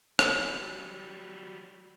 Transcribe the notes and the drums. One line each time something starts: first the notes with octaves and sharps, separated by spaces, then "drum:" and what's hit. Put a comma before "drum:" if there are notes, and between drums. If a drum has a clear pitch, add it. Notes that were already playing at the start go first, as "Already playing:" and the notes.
F#3 G3, drum: rim click